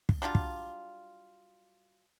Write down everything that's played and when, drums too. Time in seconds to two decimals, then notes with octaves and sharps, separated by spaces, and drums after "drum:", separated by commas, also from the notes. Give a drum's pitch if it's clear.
0.09 drum: kick
0.22 F#3 G3 D4 F4
0.35 drum: kick